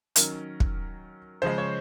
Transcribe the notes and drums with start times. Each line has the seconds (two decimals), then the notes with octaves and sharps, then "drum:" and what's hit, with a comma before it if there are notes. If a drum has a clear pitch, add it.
0.16 D#3 F#3 C#4 A#4, drum: hi-hat
0.60 drum: kick
1.42 C#3 F3 G#3 C5
1.58 C#5